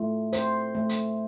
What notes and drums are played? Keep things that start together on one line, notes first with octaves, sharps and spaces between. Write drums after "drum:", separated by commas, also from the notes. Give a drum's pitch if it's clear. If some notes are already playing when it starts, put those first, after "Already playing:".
Already playing: A3 F4
C5, drum: hi-hat
A3
drum: hi-hat